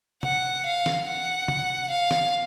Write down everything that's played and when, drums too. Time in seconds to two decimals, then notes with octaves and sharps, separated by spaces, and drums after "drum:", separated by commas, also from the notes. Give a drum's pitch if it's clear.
0.23 F#5, drum: tom
0.66 F5
0.86 drum: snare
1.07 F#5
1.48 drum: tom
1.90 F5
2.11 drum: snare